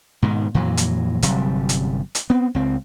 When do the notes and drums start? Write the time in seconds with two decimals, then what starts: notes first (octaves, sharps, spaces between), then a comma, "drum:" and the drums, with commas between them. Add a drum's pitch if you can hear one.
0.22 G#2 B2 D#3
0.54 F2 A#2 E3 F#3
0.77 drum: hi-hat
1.22 G1 C3 F#3 G3, drum: hi-hat
1.69 drum: hi-hat
2.15 drum: hi-hat
2.30 B3 C4
2.55 C#2 C4